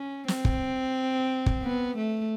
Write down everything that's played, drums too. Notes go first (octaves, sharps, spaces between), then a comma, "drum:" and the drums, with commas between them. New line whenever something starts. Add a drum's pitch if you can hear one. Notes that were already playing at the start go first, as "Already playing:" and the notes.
Already playing: C#4
C4, drum: snare
drum: kick
drum: kick
B3
A3